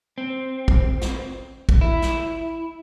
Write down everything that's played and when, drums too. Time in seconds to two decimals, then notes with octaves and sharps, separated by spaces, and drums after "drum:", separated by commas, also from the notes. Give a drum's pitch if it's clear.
0.18 C4
0.68 drum: kick
1.02 drum: snare
1.69 drum: kick
1.81 E4
2.02 drum: snare